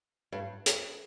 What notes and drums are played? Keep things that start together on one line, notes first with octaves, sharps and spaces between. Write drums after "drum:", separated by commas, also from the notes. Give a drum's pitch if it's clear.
G2
drum: hi-hat